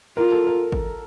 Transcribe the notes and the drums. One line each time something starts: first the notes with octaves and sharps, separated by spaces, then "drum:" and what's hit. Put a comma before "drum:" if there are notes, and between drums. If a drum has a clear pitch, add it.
F4 A#4
A4
A#4
drum: kick G#1